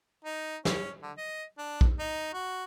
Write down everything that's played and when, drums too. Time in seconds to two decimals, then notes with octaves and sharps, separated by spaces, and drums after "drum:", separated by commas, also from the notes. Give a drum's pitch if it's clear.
0.24 D#4
0.65 C#4, drum: snare
1.02 D3
1.17 D#5
1.58 D4
1.81 drum: kick
1.99 D#4
2.33 F#4